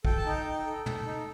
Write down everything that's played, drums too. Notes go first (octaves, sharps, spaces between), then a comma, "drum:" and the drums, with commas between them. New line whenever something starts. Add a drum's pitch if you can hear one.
A4 G5, drum: kick
A5
D#4 G5
D#4
A4
A4, drum: tom
D#4